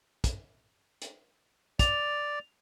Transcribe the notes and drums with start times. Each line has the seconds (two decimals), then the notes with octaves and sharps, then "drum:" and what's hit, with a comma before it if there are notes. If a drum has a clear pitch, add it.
0.24 drum: kick, hi-hat
1.02 drum: hi-hat
1.79 D5 F7, drum: kick, hi-hat